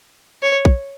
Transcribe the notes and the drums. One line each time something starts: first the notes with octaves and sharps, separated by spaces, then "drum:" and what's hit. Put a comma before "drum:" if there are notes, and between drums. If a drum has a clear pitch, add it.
C#5
drum: kick